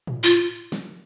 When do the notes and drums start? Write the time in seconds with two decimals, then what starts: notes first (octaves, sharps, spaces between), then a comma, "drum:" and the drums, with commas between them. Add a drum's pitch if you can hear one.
0.07 drum: tom A2
0.23 F4
0.72 drum: snare